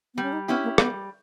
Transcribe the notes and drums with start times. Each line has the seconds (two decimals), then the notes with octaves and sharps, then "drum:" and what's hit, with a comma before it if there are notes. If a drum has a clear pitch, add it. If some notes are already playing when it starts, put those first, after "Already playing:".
0.15 G3 B3
0.23 C#4
0.33 D#4
0.48 B3 C#4 E4 G4
0.64 A#3
0.78 G3 B3, drum: rim click